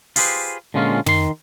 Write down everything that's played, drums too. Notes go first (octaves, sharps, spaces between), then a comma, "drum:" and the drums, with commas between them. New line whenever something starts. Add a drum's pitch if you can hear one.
F4 G4 G#4 B4 C5, drum: open hi-hat
A#2 D3 G#3 C#4 F4
D#3 C6, drum: tom